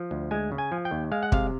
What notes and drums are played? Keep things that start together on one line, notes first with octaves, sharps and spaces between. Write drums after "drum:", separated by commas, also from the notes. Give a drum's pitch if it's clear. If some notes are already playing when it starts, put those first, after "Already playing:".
Already playing: F3
D2
G#3 G#5
C#3
G#5
F3
G5
D#2
G#3 F5
F#5
C3 F5, drum: kick